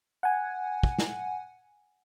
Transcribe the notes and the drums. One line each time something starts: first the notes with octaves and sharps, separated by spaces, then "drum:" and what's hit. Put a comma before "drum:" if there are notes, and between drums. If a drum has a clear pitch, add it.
F#5 G#5
drum: kick
drum: snare